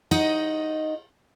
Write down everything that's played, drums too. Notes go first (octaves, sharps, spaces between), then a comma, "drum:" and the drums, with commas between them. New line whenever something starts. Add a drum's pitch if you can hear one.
D#4 D#5 F#5, drum: cymbal